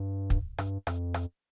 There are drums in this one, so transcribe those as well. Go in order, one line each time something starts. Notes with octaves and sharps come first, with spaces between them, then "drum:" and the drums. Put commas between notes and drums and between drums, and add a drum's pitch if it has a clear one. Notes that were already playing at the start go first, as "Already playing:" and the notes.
Already playing: G2
drum: kick
G2, drum: rim click
F2, drum: rim click
drum: rim click